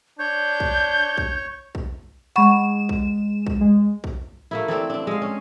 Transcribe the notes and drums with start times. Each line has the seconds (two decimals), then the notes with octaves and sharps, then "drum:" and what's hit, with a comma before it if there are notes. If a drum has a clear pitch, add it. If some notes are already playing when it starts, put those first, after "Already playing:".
0.19 D4 C#5 G6
0.60 drum: kick
1.17 drum: kick
1.75 drum: kick
2.36 G#3 F#5 B5 C#6 E7
2.89 drum: kick
3.47 drum: kick
3.61 G#3
4.04 drum: kick
4.51 A3 A#3 E4
4.68 E3 C4 A4 D5
4.90 C4 D4
5.07 G#3 F5
5.22 C#4